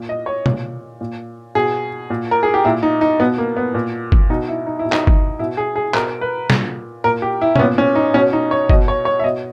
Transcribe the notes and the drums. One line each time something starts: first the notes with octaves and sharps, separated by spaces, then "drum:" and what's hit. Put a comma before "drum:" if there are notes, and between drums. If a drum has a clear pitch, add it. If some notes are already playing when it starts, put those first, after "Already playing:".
Already playing: A#2
D#5
C#5
A#2, drum: tom B2
A#2
B2 G#4
A#2
A#4
G#4
G4
A#2 E4
D#4
D#4
B2 B3
A#3
B3
A#2
drum: kick G1
B2 D#4
E4
D#4
E4
B2
D#4, drum: clap
drum: kick G1
B2 E4
G#4
G#4
B2 A#4, drum: clap
B4
A#2, drum: snare
A#2 A#4
G4
E4
C#4, drum: tom B2
A#2 B3
C#4
D#4
B2 C#4
D#4
C#5
B2 D#5, drum: kick G1
C#5
C#5
E5
B2 D#5